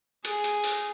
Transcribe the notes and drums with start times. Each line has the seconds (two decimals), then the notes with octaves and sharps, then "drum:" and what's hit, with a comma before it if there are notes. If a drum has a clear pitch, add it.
0.25 G#4, drum: hi-hat
0.44 drum: hi-hat
0.64 drum: open hi-hat